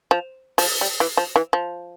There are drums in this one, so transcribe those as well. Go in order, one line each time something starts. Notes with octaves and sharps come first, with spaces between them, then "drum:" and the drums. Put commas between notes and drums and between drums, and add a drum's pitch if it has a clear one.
F3
F3, drum: open hi-hat
G3
E3
F3
E3
F3